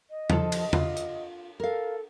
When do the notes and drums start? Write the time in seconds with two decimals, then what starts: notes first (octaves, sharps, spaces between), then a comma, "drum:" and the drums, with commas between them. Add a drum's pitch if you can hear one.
0.10 D#5
0.30 F3 A4, drum: tom E2
0.52 drum: cymbal
0.73 F4, drum: tom E2
0.97 drum: hi-hat
1.60 A4 A#4 F5